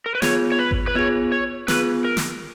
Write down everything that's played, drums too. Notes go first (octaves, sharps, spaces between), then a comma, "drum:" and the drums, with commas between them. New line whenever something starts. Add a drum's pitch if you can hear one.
A#4
B4
B3 F4 G#4 C#5, drum: snare
C#5
B4
drum: kick G#1
B4
B3 F4 G#4 C#5
C#5
B3 F4 G#4 B4, drum: snare
A#4
drum: snare